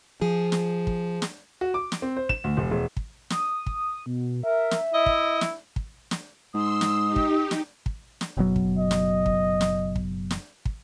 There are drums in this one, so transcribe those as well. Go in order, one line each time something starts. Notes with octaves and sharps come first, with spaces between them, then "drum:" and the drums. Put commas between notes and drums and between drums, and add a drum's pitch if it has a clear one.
F3 G#4
drum: snare
drum: kick
drum: snare
F#4
D6
drum: snare
C4
C5
E7, drum: kick
D2
F1
E1
drum: kick
D#6, drum: snare
drum: kick
B2
A#4 E5
drum: snare
E4 D#5
drum: kick
drum: snare
drum: kick
drum: snare
G#2 C6 D#6 E6
drum: snare
D#4 G4
drum: kick
drum: snare
drum: kick
drum: snare
F#1 B2 F#3
drum: kick
D#5
drum: snare
drum: kick
drum: snare
drum: kick
drum: snare
drum: kick